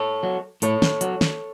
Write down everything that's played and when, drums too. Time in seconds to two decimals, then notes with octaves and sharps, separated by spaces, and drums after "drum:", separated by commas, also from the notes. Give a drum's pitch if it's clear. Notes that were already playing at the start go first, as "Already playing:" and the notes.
Already playing: A4 C#5
0.23 F#3
0.62 A2 A4 C#5, drum: hi-hat
0.82 drum: snare
1.01 F#3, drum: hi-hat
1.21 drum: snare